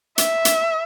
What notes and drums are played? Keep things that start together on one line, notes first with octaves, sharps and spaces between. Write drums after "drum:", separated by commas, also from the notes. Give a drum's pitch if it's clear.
E5, drum: hi-hat
drum: hi-hat